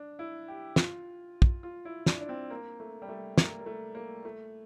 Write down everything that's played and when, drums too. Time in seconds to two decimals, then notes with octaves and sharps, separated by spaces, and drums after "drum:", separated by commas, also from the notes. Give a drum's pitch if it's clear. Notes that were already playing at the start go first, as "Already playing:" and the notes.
Already playing: D4
0.19 E4
0.48 G4
0.76 F4, drum: snare
1.42 drum: kick
1.63 F4
1.85 E4
2.06 D4, drum: snare
2.21 D4
2.29 C4
2.50 A#3
2.80 A3
3.02 G3
3.09 A3
3.38 A#3, drum: snare
3.59 A#3
3.66 A3
3.95 A#3
4.25 A3